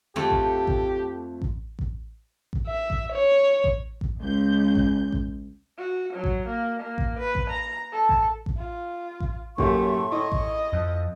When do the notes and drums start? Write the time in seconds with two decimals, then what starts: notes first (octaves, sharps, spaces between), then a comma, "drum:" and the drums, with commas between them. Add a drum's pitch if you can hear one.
0.16 F2 A3 G4
0.30 drum: kick A1
0.67 drum: kick A1
1.42 drum: kick A1
1.79 drum: kick A1
2.53 drum: kick A1
2.67 E5
2.90 drum: kick A1
3.12 C#5
3.64 drum: kick A1
4.01 drum: kick A1
4.21 C#2 G6
4.75 drum: kick A1
5.12 drum: kick A1
5.78 F#4
6.13 F#3
6.24 drum: kick A1
6.47 A#3
6.79 A#3
6.98 drum: kick A1
7.19 B4
7.35 drum: kick A1
7.50 A#5
7.92 A4
8.09 drum: kick A1
8.46 drum: kick A1
8.57 F4
9.20 drum: kick A1
9.58 F#2 A2 A3 A#3 G4 C6 C#6, drum: kick A1
10.12 E4 D#5
10.32 drum: kick A1
10.73 F2